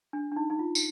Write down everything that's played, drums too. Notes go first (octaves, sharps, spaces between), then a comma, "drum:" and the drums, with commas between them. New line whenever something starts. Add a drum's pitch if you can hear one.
D4
D4
D#4
D#4
F4
drum: tambourine